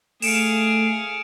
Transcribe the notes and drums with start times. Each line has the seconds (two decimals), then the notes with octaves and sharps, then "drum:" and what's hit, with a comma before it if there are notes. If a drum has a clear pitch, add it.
0.22 A3 G#4 F5 C#7 D7 E7, drum: open hi-hat